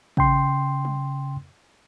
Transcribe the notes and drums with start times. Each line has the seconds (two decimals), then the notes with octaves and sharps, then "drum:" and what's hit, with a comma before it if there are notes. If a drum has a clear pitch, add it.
0.17 C#3 G5 C6, drum: kick
0.85 drum: tom